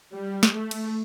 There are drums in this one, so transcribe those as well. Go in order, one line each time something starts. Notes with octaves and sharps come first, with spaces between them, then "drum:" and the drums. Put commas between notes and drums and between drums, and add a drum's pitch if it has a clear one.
G3
drum: snare
A3
drum: cymbal